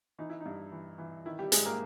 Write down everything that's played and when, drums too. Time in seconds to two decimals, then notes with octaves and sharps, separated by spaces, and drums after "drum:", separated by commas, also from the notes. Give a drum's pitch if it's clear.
0.19 E3 D#4
0.30 E4
0.40 D#4
0.46 G2
0.72 E3
0.98 E3
1.26 D#3 E4
1.39 G3 G4
1.52 G#2 G#3 G#4, drum: hi-hat
1.66 A#3 A#4